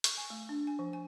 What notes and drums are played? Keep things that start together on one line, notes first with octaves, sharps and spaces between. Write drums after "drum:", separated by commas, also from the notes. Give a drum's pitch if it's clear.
C#6, drum: hi-hat
G#5
A3
D4
G#5
F3
G#5